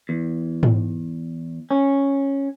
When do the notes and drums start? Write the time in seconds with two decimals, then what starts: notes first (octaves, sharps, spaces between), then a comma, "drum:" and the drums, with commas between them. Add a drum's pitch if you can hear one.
0.09 E2
0.63 drum: tom G#2
1.71 C#4